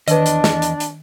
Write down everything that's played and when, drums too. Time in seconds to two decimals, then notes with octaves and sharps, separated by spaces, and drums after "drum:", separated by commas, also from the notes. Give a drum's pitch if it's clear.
0.08 E2 D#3 D4 B4 D#5, drum: hi-hat
0.26 drum: hi-hat
0.44 drum: snare
0.62 drum: hi-hat
0.80 drum: hi-hat